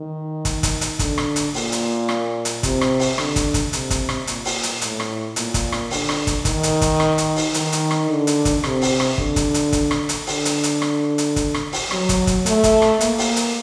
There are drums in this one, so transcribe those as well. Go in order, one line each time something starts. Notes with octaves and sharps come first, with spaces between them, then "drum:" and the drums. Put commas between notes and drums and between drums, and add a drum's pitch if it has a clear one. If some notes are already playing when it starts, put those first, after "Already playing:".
Already playing: D#3
drum: kick, hi-hat
drum: kick, hi-hat
drum: hi-hat
D3, drum: kick, hi-hat
drum: rim click
drum: hi-hat
A#2, drum: open hi-hat
drum: hi-hat
drum: rim click
drum: hi-hat
C3, drum: kick, hi-hat
drum: rim click
drum: open hi-hat
D3, drum: rim click
drum: kick, hi-hat
drum: kick, hi-hat
C3, drum: hi-hat
drum: kick, hi-hat
drum: rim click
A#2, drum: hi-hat
drum: open hi-hat
drum: hi-hat
A2, drum: hi-hat
drum: rim click
A#2, drum: hi-hat
drum: kick, hi-hat
drum: rim click
D3, drum: open hi-hat
drum: rim click
drum: kick, hi-hat
D#3, drum: kick, hi-hat
drum: hi-hat
drum: kick, hi-hat
drum: rim click
drum: hi-hat
drum: open hi-hat
D#3, drum: hi-hat
drum: hi-hat
drum: rim click
D3
drum: hi-hat
drum: kick, hi-hat
C3, drum: rim click
drum: open hi-hat
drum: rim click
D3, drum: kick
drum: kick, hi-hat
drum: hi-hat
drum: kick, hi-hat
drum: rim click
drum: hi-hat
D3, drum: open hi-hat
drum: hi-hat
drum: hi-hat
drum: rim click
drum: hi-hat
drum: kick, hi-hat
drum: rim click
drum: open hi-hat
F#3, drum: rim click
drum: kick, hi-hat
drum: kick, hi-hat
A3, drum: hi-hat
drum: kick, hi-hat
drum: rim click
A#3, drum: hi-hat
drum: open hi-hat
drum: hi-hat